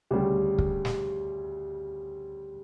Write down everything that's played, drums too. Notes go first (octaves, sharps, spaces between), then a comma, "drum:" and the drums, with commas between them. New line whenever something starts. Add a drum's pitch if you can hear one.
D2 C#3 G3 G4
drum: kick
drum: snare